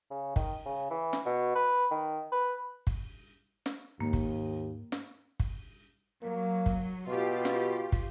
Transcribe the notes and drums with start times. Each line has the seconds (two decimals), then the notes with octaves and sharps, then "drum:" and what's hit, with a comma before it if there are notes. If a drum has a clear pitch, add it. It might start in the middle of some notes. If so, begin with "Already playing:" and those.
0.11 C#3
0.36 D#3, drum: kick
0.65 C#3
0.91 E3
1.13 drum: snare
1.26 B2
1.55 B4
1.91 D#3
2.32 B4
2.87 drum: kick
3.66 drum: snare
4.00 D#2 G#2 A#3
4.13 drum: kick
4.92 drum: snare
5.40 drum: kick
6.23 F#3 A#3
6.66 drum: kick
7.08 B2 F4 G4
7.45 drum: snare
7.92 drum: kick